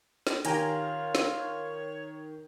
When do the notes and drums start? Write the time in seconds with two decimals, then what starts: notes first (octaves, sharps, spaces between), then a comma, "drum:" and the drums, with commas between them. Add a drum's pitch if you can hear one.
0.27 drum: snare
0.45 D#3 F4 G4 C#5 G#5 A#5, drum: hi-hat
1.15 drum: snare